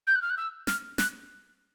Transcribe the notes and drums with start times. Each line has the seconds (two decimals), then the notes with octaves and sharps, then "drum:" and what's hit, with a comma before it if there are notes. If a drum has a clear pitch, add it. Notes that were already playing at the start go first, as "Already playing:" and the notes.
0.07 G6
0.15 F#6
0.22 F6
0.30 F#6
0.37 E6
0.67 F6, drum: snare
0.98 F#6, drum: snare